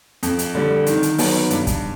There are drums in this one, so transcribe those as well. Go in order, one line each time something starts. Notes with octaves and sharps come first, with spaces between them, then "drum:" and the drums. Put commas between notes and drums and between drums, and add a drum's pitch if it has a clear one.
F2, drum: hi-hat
drum: hi-hat
D3 G3
D#3, drum: hi-hat
drum: hi-hat
F#3 B3, drum: open hi-hat
G2, drum: hi-hat
drum: kick, hi-hat